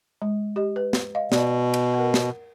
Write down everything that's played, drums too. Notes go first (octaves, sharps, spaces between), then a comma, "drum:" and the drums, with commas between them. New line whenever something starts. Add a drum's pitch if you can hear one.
G#3
G4 D#5
B4
drum: snare
D#5 F5
B2 D5, drum: snare
drum: cymbal
A#4 F#5
drum: snare